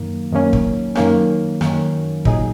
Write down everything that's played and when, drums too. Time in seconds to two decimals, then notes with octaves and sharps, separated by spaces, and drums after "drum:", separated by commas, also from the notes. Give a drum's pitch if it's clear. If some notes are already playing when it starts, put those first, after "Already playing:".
Already playing: F#2 D#3 A#3
0.32 F#2 D#3 A#3 C#4
0.53 drum: kick
0.95 F#2 D#3 A#3 C#4, drum: rim click
1.61 F#2 D#3 A#3 C#4, drum: rim click
2.25 A#2 F#3 D#4 G#4, drum: kick